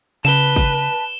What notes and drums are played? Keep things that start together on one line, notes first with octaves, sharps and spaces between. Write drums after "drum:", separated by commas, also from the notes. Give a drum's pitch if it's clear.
C#3 B4 A5 E7 G7
drum: kick